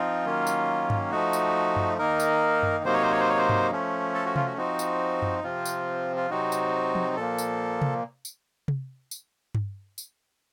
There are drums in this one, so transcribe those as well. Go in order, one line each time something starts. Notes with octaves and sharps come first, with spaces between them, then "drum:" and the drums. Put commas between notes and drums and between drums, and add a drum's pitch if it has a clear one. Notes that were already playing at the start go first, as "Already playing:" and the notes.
Already playing: F3 C4 D#4 F4
D#3 F#3 A#3 C#4
drum: tambourine
drum: tom G2
F3 A3 D#4 F#4
drum: tambourine
drum: tom F#2
D#3 A#3 D#4 A#4
drum: tambourine
drum: tom F#2
C3 F#3 A#3 D#4 C5
C#5
C5
C#5
C5
C#5
C5
drum: tom G2
F3 A3 C#4
A4
F#4
F4, drum: tom C3
F#4
F3 C4 D#4 F#4
drum: tambourine
drum: tom F#2
C3 F3 C4 F4
drum: tambourine
F4
C3 F#3 C4 D#4 F#4
drum: tambourine
drum: tom
A#2 F3 A#3 A4
drum: tambourine
drum: tom C3
drum: tambourine
drum: tom C3
drum: tambourine
drum: tom G2
drum: tambourine